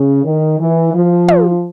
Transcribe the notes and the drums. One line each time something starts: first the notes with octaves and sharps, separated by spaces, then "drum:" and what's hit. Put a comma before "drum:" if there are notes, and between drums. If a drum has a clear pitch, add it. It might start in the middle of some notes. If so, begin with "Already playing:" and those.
Already playing: C#3
D#3
E3
F3
drum: tom